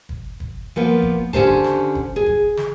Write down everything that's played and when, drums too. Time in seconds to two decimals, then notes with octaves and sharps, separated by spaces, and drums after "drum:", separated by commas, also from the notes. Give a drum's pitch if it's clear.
0.09 drum: kick
0.40 drum: kick
0.76 F3 A#3 B3
1.02 drum: kick
1.33 D3 C#4 G4 C5 A5, drum: kick
1.64 drum: snare
1.95 drum: kick
2.16 G#4
2.26 drum: kick
2.57 drum: snare